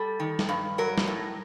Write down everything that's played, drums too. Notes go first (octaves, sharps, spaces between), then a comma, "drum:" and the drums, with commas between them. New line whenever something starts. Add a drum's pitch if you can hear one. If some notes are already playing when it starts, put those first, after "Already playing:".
Already playing: G3 A4
D#3
drum: snare
G2
F#3 A#4
drum: snare
A2